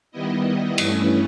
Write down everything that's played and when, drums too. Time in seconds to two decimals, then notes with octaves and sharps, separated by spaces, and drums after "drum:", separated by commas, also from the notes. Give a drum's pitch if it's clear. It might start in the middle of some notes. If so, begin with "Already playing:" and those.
0.11 D#3 G3 B3 E4 D#5
0.78 G2 E3 A3 C#4 E4, drum: cymbal